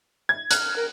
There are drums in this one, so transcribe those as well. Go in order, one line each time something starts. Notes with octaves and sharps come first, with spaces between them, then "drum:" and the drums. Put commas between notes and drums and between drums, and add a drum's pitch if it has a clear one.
G#6
F6 F#6, drum: hi-hat
A#4